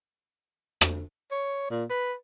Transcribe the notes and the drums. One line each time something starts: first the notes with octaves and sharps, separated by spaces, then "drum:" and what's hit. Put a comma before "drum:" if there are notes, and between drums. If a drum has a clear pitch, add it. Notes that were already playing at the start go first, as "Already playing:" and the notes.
drum: rim click
C#5
A#2
B4